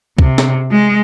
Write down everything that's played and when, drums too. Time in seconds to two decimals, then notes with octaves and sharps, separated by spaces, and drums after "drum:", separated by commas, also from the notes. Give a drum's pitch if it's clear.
0.19 C3, drum: kick
0.38 drum: snare
0.71 G#3